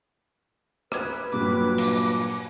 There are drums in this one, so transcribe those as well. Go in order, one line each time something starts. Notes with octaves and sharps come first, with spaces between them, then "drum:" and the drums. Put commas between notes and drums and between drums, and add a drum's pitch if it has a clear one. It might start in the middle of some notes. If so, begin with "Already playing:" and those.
B4 D6 D#6 G#6, drum: rim click
G2 A#2 F#3 D6
drum: cymbal